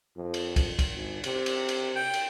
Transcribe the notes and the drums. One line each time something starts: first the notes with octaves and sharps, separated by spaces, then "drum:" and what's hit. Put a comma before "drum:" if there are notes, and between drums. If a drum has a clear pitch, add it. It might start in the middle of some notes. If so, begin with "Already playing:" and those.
F2
drum: cymbal
drum: kick, cymbal
drum: kick, cymbal
G#1
C3, drum: cymbal
drum: cymbal
drum: cymbal
G5
drum: cymbal